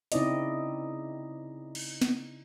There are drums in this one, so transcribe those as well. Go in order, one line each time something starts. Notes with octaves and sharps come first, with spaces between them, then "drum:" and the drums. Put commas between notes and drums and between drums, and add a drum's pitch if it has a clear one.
C#3 C4 D#4 E4 D5 D#5, drum: hi-hat
drum: cymbal
drum: snare